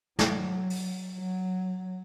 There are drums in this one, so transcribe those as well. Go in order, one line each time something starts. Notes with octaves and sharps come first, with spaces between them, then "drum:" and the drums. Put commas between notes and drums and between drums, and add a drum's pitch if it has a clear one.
F#3, drum: snare
drum: open hi-hat
F#3